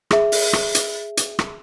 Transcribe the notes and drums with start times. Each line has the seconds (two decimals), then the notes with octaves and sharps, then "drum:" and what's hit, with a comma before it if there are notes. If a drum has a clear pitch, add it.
0.11 G#4 E5, drum: rim click
0.32 drum: open hi-hat
0.53 drum: rim click
0.75 drum: hi-hat
1.17 drum: hi-hat
1.39 drum: rim click